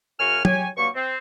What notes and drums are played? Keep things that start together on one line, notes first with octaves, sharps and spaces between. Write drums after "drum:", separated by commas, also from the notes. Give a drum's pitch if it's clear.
F#2 C#3 F#4 G#5 C#6 F6
G4 C#5 G#5, drum: tom F#3
G2 F#3 A#3 C#6
C4